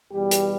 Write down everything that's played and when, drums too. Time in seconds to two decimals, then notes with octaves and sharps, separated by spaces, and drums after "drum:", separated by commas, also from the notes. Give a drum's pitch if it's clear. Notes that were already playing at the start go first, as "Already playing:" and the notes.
0.11 E2 B2 G3 G4
0.31 drum: hi-hat